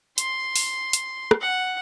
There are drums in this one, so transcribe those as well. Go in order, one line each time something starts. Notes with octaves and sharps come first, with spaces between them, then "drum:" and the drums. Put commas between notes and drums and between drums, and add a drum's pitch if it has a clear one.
C6, drum: hi-hat
drum: open hi-hat
drum: hi-hat
drum: rim click
F#5